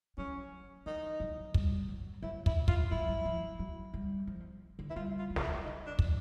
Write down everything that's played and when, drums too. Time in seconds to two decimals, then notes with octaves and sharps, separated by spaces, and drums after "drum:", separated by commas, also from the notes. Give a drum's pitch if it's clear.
0.18 F#3 C#4
0.86 E3 D#4
1.20 F#3
1.54 G3, drum: kick
1.88 F#3
2.22 F#3 E4
2.46 E4, drum: kick
2.68 F4, drum: kick
2.91 F#3 E4
3.08 F#3
3.25 F3
3.59 F#3
3.94 G3
4.27 F3
4.79 D3
4.90 E4
4.96 G3 F4
5.19 F4
5.30 F#3
5.36 F4, drum: snare
5.42 E4
5.64 D#4
5.87 D4
5.99 F3, drum: kick